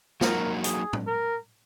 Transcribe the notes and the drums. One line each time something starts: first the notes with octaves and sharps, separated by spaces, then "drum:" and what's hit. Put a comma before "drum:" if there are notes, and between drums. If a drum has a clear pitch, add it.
F#3 A#3 D#4 F#4 A#4, drum: snare
G#4, drum: hi-hat
drum: tom
A#4